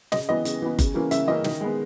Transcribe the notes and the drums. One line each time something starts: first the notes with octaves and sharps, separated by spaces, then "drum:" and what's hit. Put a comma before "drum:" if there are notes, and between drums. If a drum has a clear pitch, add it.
C#3 D#5, drum: snare
E3 B3 D#5
C#3, drum: hi-hat
E3 B3
C#3, drum: kick F#1, hi-hat
E3 A#3 C#4
C#3 E5, drum: hi-hat
E3 A#3 C#4 D#5
D#3, drum: snare
G#3 B3